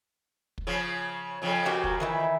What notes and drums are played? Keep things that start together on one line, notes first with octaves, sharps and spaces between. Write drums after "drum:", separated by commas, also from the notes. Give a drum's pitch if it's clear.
drum: kick
C#3 F3
F2 C#3 F3
F#4 G4 A#4
drum: kick
D#3 E3 E4